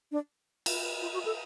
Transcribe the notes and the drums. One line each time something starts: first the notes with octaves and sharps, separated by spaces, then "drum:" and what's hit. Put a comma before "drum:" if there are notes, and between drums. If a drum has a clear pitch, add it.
D4
drum: cymbal
F4
F#4
A4